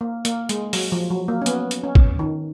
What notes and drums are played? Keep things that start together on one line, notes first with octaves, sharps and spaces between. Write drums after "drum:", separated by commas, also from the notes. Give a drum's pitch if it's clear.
A#3
A#3, drum: hi-hat
G#3, drum: hi-hat
F#3, drum: open hi-hat
F3
F#3
A#3
C#4
B3, drum: hi-hat
drum: hi-hat
C#4
drum: kick
D#3